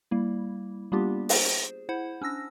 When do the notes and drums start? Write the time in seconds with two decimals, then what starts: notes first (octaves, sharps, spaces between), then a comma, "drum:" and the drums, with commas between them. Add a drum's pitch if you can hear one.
0.11 G3 A#3 E4
0.92 G3 A#3 B3 D4 F4 G4
1.29 G#4 C5, drum: open hi-hat
1.89 E4 C5 F#5 B5
2.22 C#4 D4 E6 A#6